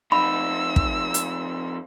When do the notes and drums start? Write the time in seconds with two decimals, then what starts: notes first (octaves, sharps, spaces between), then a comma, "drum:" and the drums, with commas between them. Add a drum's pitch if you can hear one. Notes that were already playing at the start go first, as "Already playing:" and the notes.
0.12 F2 D#4 B5 E6
0.76 drum: kick
1.14 drum: hi-hat